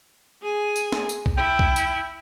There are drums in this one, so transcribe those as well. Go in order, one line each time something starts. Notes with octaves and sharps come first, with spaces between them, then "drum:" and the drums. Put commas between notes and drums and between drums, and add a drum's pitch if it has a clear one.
G#4 G#5
drum: tambourine
drum: snare
drum: tambourine
drum: kick
E4 G5
drum: kick
drum: tambourine